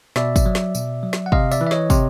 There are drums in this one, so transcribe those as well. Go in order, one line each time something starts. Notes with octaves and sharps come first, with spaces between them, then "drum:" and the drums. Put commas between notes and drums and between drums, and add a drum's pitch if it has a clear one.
B2 D5 E5, drum: snare
drum: kick, tambourine
F#3
drum: snare
B2, drum: tambourine
F#3
drum: snare
F#5
C3 D#5 F5, drum: kick
D5 E5, drum: tambourine
E3
E5
C#5 D#5, drum: snare
C3, drum: kick, tambourine